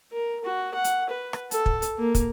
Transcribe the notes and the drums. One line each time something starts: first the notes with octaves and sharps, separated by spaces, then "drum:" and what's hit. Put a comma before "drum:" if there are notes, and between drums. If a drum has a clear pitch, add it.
A#4
F#4
F#5
drum: hi-hat
B4
drum: rim click
A4, drum: hi-hat
drum: kick
drum: hi-hat
A#3
drum: kick, hi-hat